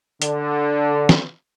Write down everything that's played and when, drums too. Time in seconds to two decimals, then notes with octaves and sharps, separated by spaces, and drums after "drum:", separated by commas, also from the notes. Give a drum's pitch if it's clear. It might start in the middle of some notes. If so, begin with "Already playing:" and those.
0.22 D3, drum: hi-hat
1.09 drum: snare